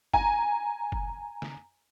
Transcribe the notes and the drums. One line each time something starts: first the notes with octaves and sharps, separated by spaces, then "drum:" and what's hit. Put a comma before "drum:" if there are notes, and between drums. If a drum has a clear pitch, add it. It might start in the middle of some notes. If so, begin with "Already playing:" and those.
G#5 A#5, drum: kick F#1
drum: kick F#1
drum: snare